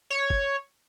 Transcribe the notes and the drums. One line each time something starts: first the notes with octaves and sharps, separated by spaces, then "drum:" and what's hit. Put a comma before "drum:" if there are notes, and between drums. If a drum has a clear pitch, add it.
C#5
drum: kick G1